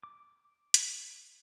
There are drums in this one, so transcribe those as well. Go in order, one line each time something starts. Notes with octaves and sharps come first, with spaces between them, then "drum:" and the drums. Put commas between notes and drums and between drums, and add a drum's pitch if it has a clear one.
D6
drum: hi-hat